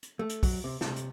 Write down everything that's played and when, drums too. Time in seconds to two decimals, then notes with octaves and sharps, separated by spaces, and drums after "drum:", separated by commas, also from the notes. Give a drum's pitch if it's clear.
0.03 drum: hi-hat
0.19 A3
0.29 drum: hi-hat
0.43 F#3, drum: kick A#1, open hi-hat
0.64 C3
0.81 C3, drum: snare
0.96 drum: hi-hat